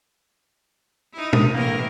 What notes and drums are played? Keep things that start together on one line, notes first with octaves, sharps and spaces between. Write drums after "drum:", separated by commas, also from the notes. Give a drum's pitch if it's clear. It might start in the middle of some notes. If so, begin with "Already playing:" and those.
D#4 E4
drum: tom B2
A2 E3 A#3 A#4